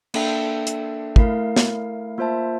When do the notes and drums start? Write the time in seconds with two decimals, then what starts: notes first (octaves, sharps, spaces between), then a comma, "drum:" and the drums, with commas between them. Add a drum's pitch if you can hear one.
0.14 A#3 D4 A4 E5 G5, drum: cymbal
0.67 drum: hi-hat
1.16 A3 E4 A#4 F5, drum: kick
1.56 drum: snare
2.18 A#3 F4 C5 E5 A5